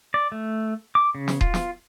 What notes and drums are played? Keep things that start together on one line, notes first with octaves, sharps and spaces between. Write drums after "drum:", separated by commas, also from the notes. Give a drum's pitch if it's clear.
D5
A3
D6
C#3
drum: snare
F4, drum: kick D#1
drum: snare